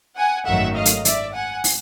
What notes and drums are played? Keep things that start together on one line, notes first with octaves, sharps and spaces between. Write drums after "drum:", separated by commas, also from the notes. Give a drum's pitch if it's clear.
F#5 G#5
G#1 F#2 D#3 F#3 A3 E5 F#5
D#5 F5
drum: hi-hat
D5 E5, drum: hi-hat
F#5 G#5
drum: open hi-hat